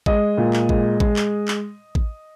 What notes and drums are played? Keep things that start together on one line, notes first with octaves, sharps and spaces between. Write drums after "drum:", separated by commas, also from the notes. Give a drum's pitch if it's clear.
G#3 D#5, drum: kick A1
A#2
drum: clap
G#3, drum: kick A1
G#3, drum: kick A1
drum: clap
drum: clap
drum: kick A1